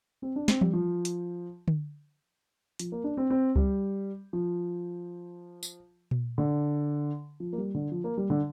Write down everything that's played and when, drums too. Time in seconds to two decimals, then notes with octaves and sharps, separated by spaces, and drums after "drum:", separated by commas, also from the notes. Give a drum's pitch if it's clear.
0.22 C4
0.36 D4
0.48 C4, drum: snare
0.61 G3, drum: tom E3
0.73 F3
1.05 drum: hi-hat
1.68 drum: tom D3
2.79 F3, drum: hi-hat
2.92 A#3
3.04 D4
3.17 C4
3.30 C4
3.56 G3, drum: kick C#2
4.33 F3
5.63 drum: tambourine
6.11 drum: tom A#2
6.38 D3
7.40 F3
7.53 A#3
7.58 G3
7.74 D3
7.92 F3
8.04 A#3
8.18 G3
8.30 D3